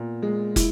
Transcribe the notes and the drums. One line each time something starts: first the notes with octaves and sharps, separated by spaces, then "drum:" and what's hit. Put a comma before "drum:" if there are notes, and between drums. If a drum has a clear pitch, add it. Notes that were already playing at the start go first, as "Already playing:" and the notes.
Already playing: A#2 B3
G#3
E4, drum: kick, hi-hat